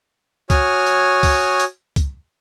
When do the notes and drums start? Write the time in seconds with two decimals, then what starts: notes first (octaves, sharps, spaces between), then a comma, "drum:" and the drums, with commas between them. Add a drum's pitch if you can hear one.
0.50 F#4 C#5 G#5 D#6 F6, drum: kick, hi-hat
0.86 drum: hi-hat
1.23 drum: kick, open hi-hat
1.60 drum: hi-hat
1.96 drum: kick, hi-hat